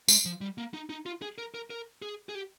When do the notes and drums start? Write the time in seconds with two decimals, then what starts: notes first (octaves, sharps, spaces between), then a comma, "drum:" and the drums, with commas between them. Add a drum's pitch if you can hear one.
0.08 G#3, drum: tambourine
0.25 F3
0.41 G3
0.58 A#3
0.74 D#4
0.89 D#4
1.06 F4
1.22 G#4
1.38 A#4
1.54 A#4
1.70 A#4
2.02 G#4
2.29 G#4
2.35 G4